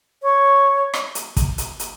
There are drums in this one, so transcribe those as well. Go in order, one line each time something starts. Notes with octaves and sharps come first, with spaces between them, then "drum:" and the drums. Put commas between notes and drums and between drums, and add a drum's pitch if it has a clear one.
C#5
drum: rim click
drum: hi-hat
drum: kick, hi-hat
drum: hi-hat
drum: hi-hat